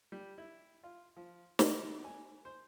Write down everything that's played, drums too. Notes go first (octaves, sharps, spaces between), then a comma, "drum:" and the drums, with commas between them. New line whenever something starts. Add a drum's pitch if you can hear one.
G3
E4
F4
F3
A#4, drum: snare
G#5
C5